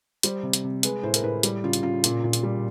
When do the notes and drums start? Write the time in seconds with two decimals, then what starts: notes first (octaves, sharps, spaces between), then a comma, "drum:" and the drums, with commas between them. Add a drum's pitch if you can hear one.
0.23 G3 C5, drum: hi-hat
0.43 C3
0.53 drum: hi-hat
0.64 C3
0.83 G#3 B4, drum: hi-hat
1.03 A2 C5
1.14 A#4, drum: hi-hat
1.23 A2 B4
1.43 G3, drum: hi-hat
1.64 C#3 F4
1.73 drum: hi-hat
1.83 C#3 F4
2.04 A#2, drum: hi-hat
2.24 A#2
2.33 drum: hi-hat
2.43 G3